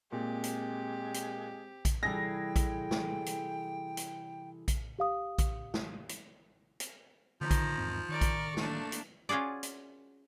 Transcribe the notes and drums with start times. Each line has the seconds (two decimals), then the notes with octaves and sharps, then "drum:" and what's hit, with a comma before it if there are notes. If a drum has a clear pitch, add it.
0.12 A#2 G#3 C4 G4
0.44 drum: hi-hat
1.14 drum: hi-hat
1.85 drum: kick A#1, hi-hat
2.03 C3 E3 G3 G#4 A4 G5 A#6
2.56 drum: kick A#1, hi-hat
2.91 drum: snare
3.26 drum: hi-hat
3.97 drum: hi-hat
4.68 drum: kick A#1, hi-hat
4.99 G4 F5 D#6
5.38 drum: kick A#1, hi-hat
5.74 drum: snare
6.09 drum: hi-hat
6.80 drum: hi-hat
7.41 D3 D#3 F3
7.51 drum: kick A#1, hi-hat
7.78 E2 G#2 C4
8.09 D#3 A#4 D5 C#6
8.21 drum: kick A#1, hi-hat
8.57 A3 A#3 D4, drum: snare
8.92 drum: hi-hat
9.29 C#4 F4 F#4 G#4 D5
9.63 drum: hi-hat